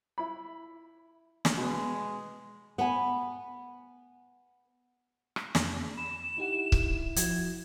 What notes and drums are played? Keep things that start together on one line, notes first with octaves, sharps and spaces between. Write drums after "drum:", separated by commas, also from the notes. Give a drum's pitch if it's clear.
E4 B5
drum: snare
B2 G#3 B3
B3 G#5
drum: rim click
F2 A#6, drum: snare
B5 E7
D#4 E4 G4 F#5
drum: kick C#1
F3 F#4 G#6, drum: hi-hat